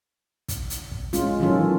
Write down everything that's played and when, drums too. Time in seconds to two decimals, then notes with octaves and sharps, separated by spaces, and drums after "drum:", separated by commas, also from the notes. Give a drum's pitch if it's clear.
0.48 drum: kick, hi-hat
0.70 drum: hi-hat
0.91 drum: kick
1.13 G#3 C#4 F4, drum: hi-hat
1.40 D#3 E3 F#3 C#4 F4 A4